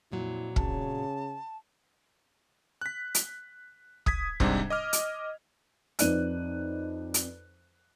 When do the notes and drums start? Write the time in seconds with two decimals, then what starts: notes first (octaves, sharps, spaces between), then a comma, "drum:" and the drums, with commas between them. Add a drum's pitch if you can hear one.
0.12 F2 A#2 F#3 E4
0.56 C#3 A5, drum: kick
2.81 F#6 B6
3.15 drum: hi-hat
4.06 D#6 G#6 B6, drum: kick
4.40 G#2 C3 G3 D4, drum: kick
4.70 D#5 D6 F6
4.93 drum: hi-hat
5.99 F2 D#4 B4 D5 F#6 D#7, drum: hi-hat
7.14 drum: hi-hat